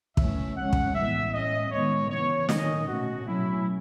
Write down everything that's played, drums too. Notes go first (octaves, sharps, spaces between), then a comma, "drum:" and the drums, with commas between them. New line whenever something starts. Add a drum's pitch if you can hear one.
E3 A3 C#4 E5, drum: kick
C#3 G#3 C#4 F#5
drum: kick
A2 E3 G#3 B3 E5
A2 G#3 C#4 D#5
D#3 G#3 B3 C#5
C#3 E3 B3 C#5
D#3 G#3 C#4 D#5, drum: snare
B2 A3 C#4 F#4
B2 F#3 A3 C#4 E4